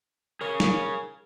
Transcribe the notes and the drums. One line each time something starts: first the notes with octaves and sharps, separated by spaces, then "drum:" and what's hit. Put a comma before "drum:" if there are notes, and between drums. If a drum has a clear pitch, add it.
G#4 A#4 C#5
drum: snare